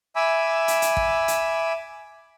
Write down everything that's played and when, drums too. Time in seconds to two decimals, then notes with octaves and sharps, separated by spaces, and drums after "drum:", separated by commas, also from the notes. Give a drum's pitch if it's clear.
0.16 E5 G#5 B5 D6 E6
0.68 drum: hi-hat
0.82 drum: hi-hat
0.97 drum: kick
1.28 drum: hi-hat